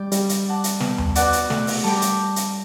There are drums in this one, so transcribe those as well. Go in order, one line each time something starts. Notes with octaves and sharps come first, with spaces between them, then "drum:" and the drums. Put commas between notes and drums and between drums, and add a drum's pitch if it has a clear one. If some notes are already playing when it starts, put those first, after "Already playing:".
Already playing: G3 D5 G5
G3, drum: hi-hat
drum: hi-hat
D5 F#5 A5
drum: hi-hat
B3, drum: snare
drum: tom D#2
F#4 B4 D5 F#5, drum: hi-hat
drum: hi-hat
A3, drum: snare
drum: open hi-hat
G3 A4 D5 G5 B5
drum: hi-hat
drum: hi-hat